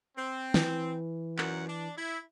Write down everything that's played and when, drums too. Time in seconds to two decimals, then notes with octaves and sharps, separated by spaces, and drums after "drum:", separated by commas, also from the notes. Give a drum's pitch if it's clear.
0.17 C4
0.54 E3, drum: snare
1.38 F#2 A#2 F#5, drum: clap
1.68 D4
1.98 E4